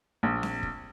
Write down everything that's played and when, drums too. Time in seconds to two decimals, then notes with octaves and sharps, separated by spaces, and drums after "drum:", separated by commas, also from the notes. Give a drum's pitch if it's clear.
0.23 A#1
0.43 drum: snare C4
0.63 drum: kick